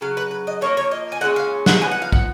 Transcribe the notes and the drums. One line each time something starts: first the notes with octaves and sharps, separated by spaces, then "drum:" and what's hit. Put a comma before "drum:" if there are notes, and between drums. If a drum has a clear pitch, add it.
C#3 F#3 F5
B4
B4
D#5
F3 A#3 D#4 C#5
C#5
D#5
G#5
A#2 G#3 C#4 F#5
F5
F#5, drum: snare
F3 B3 D#4 G#5
F#5
F5
F#5, drum: kick